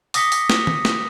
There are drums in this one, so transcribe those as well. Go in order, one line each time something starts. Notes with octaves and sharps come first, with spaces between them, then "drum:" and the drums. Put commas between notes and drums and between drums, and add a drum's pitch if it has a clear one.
D6 D#6 A#6 B6 C#7 G7, drum: open hi-hat
drum: open hi-hat
drum: snare
drum: tom
drum: snare